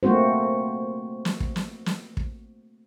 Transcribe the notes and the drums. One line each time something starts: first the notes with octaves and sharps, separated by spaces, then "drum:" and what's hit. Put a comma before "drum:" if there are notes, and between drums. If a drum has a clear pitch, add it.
A3 A#3 C4 F#4 C5
drum: snare
drum: kick
drum: snare
drum: snare
drum: kick